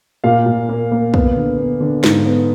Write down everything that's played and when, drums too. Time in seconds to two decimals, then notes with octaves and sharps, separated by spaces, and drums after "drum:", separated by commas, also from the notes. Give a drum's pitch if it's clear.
0.24 A#2 F5
0.46 A#2
0.69 A#3
0.92 A#3
1.14 B3, drum: kick
1.36 D3
1.58 B3
1.80 D3
2.04 G#2, drum: snare
2.26 B3